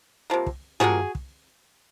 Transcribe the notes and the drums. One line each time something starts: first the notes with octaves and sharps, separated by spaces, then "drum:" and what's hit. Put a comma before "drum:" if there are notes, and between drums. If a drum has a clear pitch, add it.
C3 F3 A#3
drum: kick
C3 F3 A#3 F#4 G#4, drum: tom
drum: kick